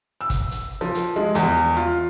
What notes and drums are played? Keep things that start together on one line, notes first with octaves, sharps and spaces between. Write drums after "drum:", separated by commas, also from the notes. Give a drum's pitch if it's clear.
E6
drum: kick, hi-hat
drum: hi-hat
F3
drum: hi-hat
G#3
E2, drum: hi-hat
F4